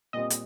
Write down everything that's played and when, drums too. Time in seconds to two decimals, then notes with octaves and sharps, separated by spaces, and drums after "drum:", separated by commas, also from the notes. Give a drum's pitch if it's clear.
0.13 A#2 G3 C4 D#5
0.30 drum: hi-hat